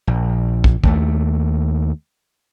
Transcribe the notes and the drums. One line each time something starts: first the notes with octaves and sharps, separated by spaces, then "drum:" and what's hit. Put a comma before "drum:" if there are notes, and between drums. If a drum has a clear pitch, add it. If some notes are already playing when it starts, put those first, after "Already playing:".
A#1
drum: kick
D#2 A3, drum: kick